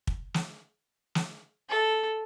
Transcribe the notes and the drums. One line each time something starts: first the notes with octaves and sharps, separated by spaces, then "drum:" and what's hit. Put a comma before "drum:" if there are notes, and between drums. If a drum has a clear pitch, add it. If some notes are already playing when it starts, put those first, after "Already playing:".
drum: kick
drum: snare
drum: snare
A4